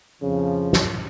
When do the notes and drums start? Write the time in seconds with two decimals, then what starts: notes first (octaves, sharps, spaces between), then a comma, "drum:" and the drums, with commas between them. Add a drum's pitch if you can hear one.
0.22 F2 A2 C#3 F3
0.73 drum: snare